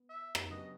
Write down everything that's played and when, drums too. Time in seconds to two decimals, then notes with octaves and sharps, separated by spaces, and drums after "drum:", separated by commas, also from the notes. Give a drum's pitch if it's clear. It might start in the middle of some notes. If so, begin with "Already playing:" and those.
Already playing: B3
0.09 E5
0.35 drum: rim click
0.50 C#3 F#3 B3 D4 G4 D#5